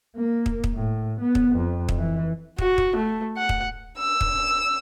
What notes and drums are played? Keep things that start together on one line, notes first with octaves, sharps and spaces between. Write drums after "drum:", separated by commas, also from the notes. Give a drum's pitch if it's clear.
A#3
drum: kick
drum: kick
A2
B3
drum: kick
F2
drum: kick
E3
F#4, drum: kick
drum: kick
A3
F#5
drum: kick
E6
drum: kick